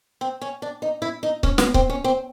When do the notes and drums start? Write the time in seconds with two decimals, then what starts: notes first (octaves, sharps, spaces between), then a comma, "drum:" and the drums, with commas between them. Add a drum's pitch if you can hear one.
0.21 C4
0.41 C#4
0.62 D4
0.82 D#4
1.02 E4
1.23 D#4
1.43 C#4, drum: kick C#1
1.58 B3, drum: snare
1.74 C4, drum: kick C#1
1.90 C#4
2.04 C4